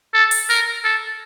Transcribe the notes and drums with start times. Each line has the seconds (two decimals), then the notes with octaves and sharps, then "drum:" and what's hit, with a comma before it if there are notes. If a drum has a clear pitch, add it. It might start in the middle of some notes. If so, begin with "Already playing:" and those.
0.14 A4
0.31 drum: open hi-hat
0.49 A#4
0.84 A4